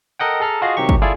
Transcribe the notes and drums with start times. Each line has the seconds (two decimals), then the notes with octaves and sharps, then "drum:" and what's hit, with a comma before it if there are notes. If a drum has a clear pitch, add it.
0.19 A4 A#4 D#5 F#5 G5
0.40 G#4 A4 A#5 F6
0.62 F4 F#4 G#4 D#5 F5
0.77 C3 D#3 F#3 G4 C#6
0.89 drum: kick
1.02 E4 F4 G#4 A4 D5